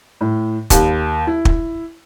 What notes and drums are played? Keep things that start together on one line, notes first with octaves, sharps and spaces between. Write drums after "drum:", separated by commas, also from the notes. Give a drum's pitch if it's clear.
A2
D#2, drum: kick, hi-hat
E4
drum: kick